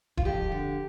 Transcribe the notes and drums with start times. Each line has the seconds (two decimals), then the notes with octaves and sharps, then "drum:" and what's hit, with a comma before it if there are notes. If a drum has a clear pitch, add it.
0.17 F4, drum: kick D#1
0.25 F2 G4
0.52 D3